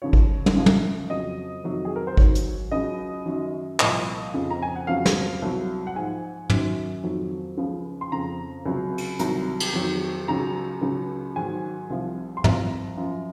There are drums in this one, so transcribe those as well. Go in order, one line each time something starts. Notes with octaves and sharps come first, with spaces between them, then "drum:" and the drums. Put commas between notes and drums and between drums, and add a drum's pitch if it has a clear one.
D#2 C#3 F3 C#5
drum: kick G#1
drum: tom
F#2 C#3 F3
drum: tom
F2 C#3 F#3 D#5
F2 C3 D#3 F#3
G#4
A#4
C5
G#2 D#3 F#3 C#5, drum: kick G#1
drum: hi-hat
C#2 C#3 F#3 D#5
F#2 D#3 F#3
C2 A#2 F3 D#5, drum: clap
F2 C#3 F3
A#5
G#5
F#5
F2 C#3 F#3 F5
drum: snare
C2 C3 F#3
F#5
G#2 F3 G#5
F#2 D#3 F#3, drum: tom
F2 D#3 F#3
C#2 C#3 F3
C6
F2 C#3 F3 A#5
C#2 C3 F#3
drum: cymbal
C2 C3 D#3 F#3 A#5, drum: hi-hat
drum: cymbal
F2 D#3 F#3
C#2 C#3 F#3 A#5
C#2 C#3 F#3
G#2 D#3 F#3 G#5
C2 C3 F3
C6
C2 C3 F3 A#5, drum: tom
F#2 F3